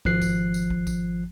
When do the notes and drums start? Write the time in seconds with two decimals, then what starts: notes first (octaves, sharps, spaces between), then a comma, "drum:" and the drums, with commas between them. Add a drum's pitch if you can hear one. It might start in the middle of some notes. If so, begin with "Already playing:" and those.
0.05 G#1 F3 F#6 C7, drum: kick
0.21 drum: kick, tambourine
0.54 drum: tambourine
0.70 drum: kick
0.87 drum: kick, tambourine